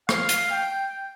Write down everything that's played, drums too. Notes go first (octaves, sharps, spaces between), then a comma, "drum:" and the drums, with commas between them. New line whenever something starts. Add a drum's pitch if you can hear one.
F5, drum: rim click
drum: hi-hat
G5